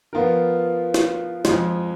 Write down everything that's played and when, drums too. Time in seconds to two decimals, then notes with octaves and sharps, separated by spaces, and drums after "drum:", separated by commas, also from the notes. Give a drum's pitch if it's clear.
0.13 F3 B3 F4 A#4
0.94 drum: snare
1.45 F2 F3 G#3, drum: snare